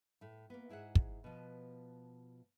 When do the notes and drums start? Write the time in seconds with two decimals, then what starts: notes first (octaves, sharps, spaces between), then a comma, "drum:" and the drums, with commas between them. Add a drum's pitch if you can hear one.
0.21 A2 A3
0.50 A#3 B3
0.69 G#2 E4 G#4 E5 F#5
0.95 drum: kick
1.24 B2 F3